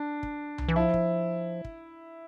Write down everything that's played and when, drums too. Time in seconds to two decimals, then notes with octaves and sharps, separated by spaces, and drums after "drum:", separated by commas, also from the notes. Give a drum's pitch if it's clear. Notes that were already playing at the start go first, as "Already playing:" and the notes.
Already playing: D4
0.23 drum: kick
0.58 drum: tom C2
0.68 E3
0.76 F3 E4
0.94 drum: kick
1.65 drum: kick